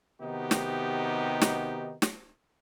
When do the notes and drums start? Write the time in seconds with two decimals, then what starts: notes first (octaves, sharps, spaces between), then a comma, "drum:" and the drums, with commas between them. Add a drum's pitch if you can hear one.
0.21 C3 D#3 B3 D#4 F#4 G4
0.51 drum: snare
1.42 drum: snare
2.02 drum: snare